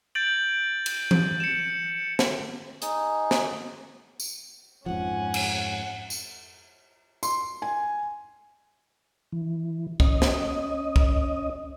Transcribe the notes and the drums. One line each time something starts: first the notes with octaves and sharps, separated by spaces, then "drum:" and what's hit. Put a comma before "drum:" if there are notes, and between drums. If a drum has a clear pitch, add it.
G6 A6 D7 F#7
drum: cymbal
drum: tom E3
C#7 E7
drum: snare
D#4 G#4, drum: hi-hat
drum: snare
drum: tambourine
F2 G#2 F3 C#4 F#5 G#5
drum: cymbal
drum: tambourine
C6, drum: tambourine
G#5
E3
C#4 D#5, drum: kick C2
drum: snare
drum: kick C2